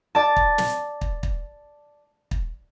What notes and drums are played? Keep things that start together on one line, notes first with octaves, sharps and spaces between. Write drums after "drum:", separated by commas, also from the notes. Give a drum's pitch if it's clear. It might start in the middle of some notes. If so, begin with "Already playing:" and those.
D5 A5
drum: kick
drum: snare
drum: kick
drum: kick
drum: kick